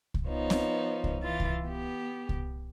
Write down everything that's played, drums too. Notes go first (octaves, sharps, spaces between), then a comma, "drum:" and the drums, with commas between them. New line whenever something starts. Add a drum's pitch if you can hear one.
drum: kick C2
F3 B3 D#4 C#5
drum: snare C4
drum: kick C2
E3 F4 A6
drum: kick C2
B3 G4
drum: kick C2